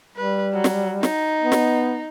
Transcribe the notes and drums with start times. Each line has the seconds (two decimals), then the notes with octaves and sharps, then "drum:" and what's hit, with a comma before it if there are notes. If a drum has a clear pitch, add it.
0.16 G3 B4
0.53 F#3
0.64 drum: snare
1.03 D#4, drum: snare
1.42 B3
1.52 drum: snare